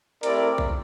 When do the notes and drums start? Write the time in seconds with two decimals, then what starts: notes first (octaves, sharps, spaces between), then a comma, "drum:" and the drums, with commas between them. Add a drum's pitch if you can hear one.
0.23 A3 C4 E4 G4 A#4 D5, drum: hi-hat
0.58 drum: kick